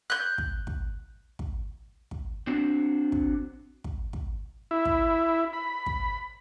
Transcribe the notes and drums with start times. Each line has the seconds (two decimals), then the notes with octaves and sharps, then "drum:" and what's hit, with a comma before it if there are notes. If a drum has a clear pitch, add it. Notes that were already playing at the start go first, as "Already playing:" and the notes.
0.10 F#6 G6
0.38 drum: kick
0.67 drum: kick
1.39 drum: kick
2.11 drum: kick
2.47 C4 D4 F#4
3.12 drum: kick
3.84 drum: kick
4.13 drum: kick
4.71 E4
4.85 drum: kick
5.53 B5
5.86 drum: kick